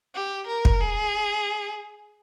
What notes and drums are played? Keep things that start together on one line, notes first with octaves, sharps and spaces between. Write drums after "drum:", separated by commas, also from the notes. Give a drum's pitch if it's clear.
G4
A#4
drum: kick
G#4